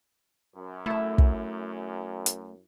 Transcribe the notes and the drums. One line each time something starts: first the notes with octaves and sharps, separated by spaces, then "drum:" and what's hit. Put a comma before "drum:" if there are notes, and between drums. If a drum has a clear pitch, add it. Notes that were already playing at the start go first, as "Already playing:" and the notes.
F#2
A3 E4 E5
drum: kick
drum: hi-hat